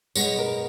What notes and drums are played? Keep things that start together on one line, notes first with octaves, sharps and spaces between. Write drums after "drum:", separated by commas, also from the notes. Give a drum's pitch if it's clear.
B2 G#3 B3 C#5, drum: tambourine
A#4